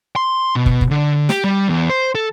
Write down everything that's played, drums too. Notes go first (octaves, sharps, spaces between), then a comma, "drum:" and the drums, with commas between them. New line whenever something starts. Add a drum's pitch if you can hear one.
C6
B2
drum: kick
drum: kick
D3
G4, drum: snare
G3
E2
C5
A4